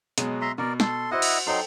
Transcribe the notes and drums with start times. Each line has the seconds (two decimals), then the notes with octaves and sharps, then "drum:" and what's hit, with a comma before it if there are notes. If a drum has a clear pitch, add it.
0.18 B2 F#3 G#3, drum: hi-hat
0.41 E5 A#5 C6
0.58 B2 A#4 D5
0.80 A4 C6, drum: snare
1.11 E4 F#4 C5 D#5 F#5
1.22 drum: cymbal
1.47 F#3 D#4 A4 C5 G5 C6